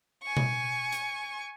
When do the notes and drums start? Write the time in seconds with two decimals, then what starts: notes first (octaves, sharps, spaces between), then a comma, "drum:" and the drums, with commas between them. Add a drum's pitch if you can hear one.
0.23 G#5 C#6
0.37 drum: tom B2
0.92 drum: hi-hat